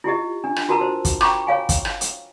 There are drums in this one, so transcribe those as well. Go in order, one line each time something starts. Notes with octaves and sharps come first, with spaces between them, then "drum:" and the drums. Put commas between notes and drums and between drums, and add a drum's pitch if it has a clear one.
E4 F4 G4 D#5
D4
drum: rim click
F4 F#4 A#4 A5 A#5 E6
C5
drum: kick, hi-hat
G5 A#5 B5 C#6 D6, drum: rim click
C#5 F5 G#5
drum: kick, hi-hat
drum: rim click
drum: hi-hat